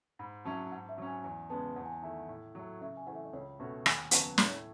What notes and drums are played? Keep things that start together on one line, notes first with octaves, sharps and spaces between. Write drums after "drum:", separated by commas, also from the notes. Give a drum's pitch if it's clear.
G#2 B5
F#3 C#4 E4 A5
G#2 F#5
E5
F#3 C#4
G#5
E2 G#5
C#3 G#3 B3 A5
E2 F#5
G#5
F#5
D#3 A3 E4
A2
F#3 A3
C#3 E5
G#5
E3 A3 F#5
E5
D#5
C#2 C#5
B2 A3 C#4 F#4
D#2 G#5, drum: rim click
C#3 F#3 B3 F#4 A5, drum: hi-hat
A2, drum: snare